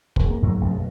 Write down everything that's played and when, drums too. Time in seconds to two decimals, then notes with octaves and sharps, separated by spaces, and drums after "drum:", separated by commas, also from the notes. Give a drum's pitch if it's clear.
0.16 E1, drum: kick
0.31 A#3
0.43 G#2 F#3 A#3
0.61 G#1 F#2 C#3 A3
0.74 F#2 B2